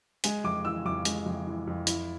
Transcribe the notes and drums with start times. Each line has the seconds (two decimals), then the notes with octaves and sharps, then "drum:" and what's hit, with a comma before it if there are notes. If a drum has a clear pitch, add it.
0.24 G#3 G#5, drum: hi-hat
0.44 F2 D6
0.65 E3 E6
0.85 F2 D6
1.05 G#3, drum: hi-hat
1.26 F2
1.47 E3
1.67 F2
1.87 E4, drum: hi-hat